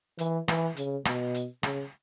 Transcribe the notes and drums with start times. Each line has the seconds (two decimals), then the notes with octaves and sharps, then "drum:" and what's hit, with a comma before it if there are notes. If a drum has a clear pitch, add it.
0.19 E3, drum: hi-hat
0.48 E3, drum: rim click
0.77 C#3, drum: hi-hat
1.05 B2, drum: rim click
1.34 drum: hi-hat
1.63 C#3, drum: rim click